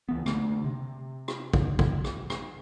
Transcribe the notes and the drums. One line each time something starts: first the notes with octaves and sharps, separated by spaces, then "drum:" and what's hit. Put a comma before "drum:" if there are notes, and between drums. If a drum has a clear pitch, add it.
C#2 E3 B3
D3 A3 A#3, drum: rim click
C3
drum: rim click
drum: kick
drum: kick
drum: rim click
drum: rim click